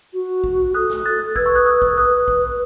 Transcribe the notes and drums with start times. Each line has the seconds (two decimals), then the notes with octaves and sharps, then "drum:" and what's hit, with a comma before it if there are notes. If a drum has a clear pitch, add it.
0.13 F#4
0.44 drum: kick
0.74 A4 D#6 F#6
0.90 drum: snare
1.06 F#6 A6
1.36 B4 E6 G#6, drum: kick
1.46 C#6 E6
1.56 D#6 F#6
1.66 D#6 F#6
1.82 drum: kick
1.92 A4
1.96 B4 D#6 F#6
2.28 drum: kick